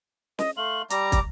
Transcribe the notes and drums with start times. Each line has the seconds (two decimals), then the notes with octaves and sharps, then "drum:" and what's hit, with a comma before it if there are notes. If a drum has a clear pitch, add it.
0.39 D#5, drum: snare
0.57 A3 F5 C6 F#7
0.90 G3 A#5 D6, drum: hi-hat
1.12 drum: kick, hi-hat